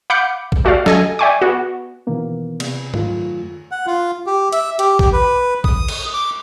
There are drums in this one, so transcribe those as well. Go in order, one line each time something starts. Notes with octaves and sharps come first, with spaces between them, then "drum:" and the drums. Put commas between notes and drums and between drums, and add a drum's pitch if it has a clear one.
F5 F#5 B5 D6 G6 C#7
drum: kick
A3 F#4 G4 D5 F5
A4 D#5 G#5, drum: snare F#3
D5 E5 G5 G#5 C#6 D6
B3 F#4
B2 D#3 E3 A#3 B3
C3, drum: cymbal
F#2 D#3 A3 F4, drum: tom G#2
F#5
F4
G4
E5, drum: hi-hat
G4, drum: hi-hat
G4, drum: kick
B4
D#6, drum: kick
drum: cymbal
D6